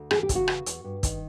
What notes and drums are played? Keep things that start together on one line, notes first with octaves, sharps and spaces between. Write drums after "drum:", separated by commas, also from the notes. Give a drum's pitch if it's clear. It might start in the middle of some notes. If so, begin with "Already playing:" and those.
Already playing: D2
E3 G#4, drum: rim click
G4
C#3, drum: kick, hi-hat
F#4
E2, drum: rim click
E2, drum: hi-hat
G2
D#3, drum: kick, hi-hat